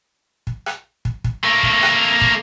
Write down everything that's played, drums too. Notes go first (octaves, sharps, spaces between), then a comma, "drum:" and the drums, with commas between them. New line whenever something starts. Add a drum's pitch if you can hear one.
drum: kick
drum: rim click
drum: kick
drum: kick
A3 A#3
drum: kick
drum: rim click
drum: kick